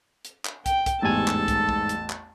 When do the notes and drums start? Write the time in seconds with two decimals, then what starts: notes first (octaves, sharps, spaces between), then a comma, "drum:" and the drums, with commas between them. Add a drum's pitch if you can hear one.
0.25 drum: hi-hat
0.45 drum: clap
0.66 G5, drum: kick, hi-hat
0.86 drum: kick, hi-hat
1.02 A1 E2 G#2 G3 A4 G#5 A5
1.28 drum: clap
1.48 drum: kick, hi-hat
1.69 drum: kick
1.89 drum: hi-hat
2.10 drum: clap